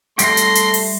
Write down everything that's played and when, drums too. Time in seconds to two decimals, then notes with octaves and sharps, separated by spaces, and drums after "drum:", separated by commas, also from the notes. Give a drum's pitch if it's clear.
0.19 G3 A3 G5 C6 A#6 C7, drum: hi-hat
0.37 drum: hi-hat
0.55 drum: hi-hat
0.74 drum: open hi-hat